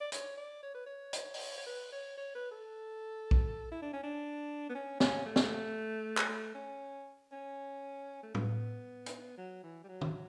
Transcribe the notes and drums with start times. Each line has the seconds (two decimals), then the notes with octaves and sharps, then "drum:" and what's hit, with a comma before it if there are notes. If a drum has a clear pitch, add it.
0.01 D5
0.12 C#5, drum: hi-hat
0.38 D5
0.63 C#5
0.75 B4
0.86 C#5
1.13 drum: hi-hat
1.34 drum: open hi-hat
1.58 C#5
1.66 B4
1.92 C#5
2.17 C#5
2.35 B4
2.52 A4
3.31 drum: kick A#1
3.72 E4
3.82 D4
3.93 C#4
4.03 D4
4.69 B3
4.75 C#4
5.00 C#4, drum: snare
5.26 A3
5.36 drum: snare
6.18 drum: clap
6.29 A3
6.55 C#4
7.32 C#4
8.23 A3
8.35 B3, drum: tom A2
9.06 drum: hi-hat
9.37 F#3
9.63 E3
9.84 G3
9.89 F#3
10.01 drum: tom